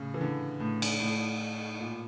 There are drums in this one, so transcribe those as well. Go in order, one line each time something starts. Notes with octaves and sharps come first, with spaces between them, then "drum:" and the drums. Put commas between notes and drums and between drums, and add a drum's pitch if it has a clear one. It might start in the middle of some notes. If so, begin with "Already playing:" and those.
Already playing: A2 C#3
E3
D3
A2
drum: cymbal
A2
A#2